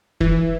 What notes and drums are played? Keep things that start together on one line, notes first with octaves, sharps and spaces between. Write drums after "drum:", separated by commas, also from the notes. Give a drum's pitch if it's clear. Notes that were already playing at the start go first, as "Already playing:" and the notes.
E3, drum: kick